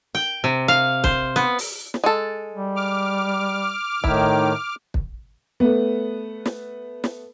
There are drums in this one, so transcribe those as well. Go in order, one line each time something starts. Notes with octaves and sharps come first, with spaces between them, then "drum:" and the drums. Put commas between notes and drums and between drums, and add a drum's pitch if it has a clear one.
G5
C3
F5
C5, drum: kick
B3
drum: open hi-hat
drum: snare
G#3 A4
G3
D6 F6
A2 D#3 D#4 E4, drum: kick
drum: kick
A3 B3
drum: snare
drum: snare